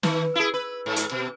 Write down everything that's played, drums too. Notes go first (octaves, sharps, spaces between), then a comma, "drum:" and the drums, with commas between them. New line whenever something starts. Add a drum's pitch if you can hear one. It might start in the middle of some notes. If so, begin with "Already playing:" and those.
D#3, drum: snare
E4 G#4
B4
G#2
drum: hi-hat
B2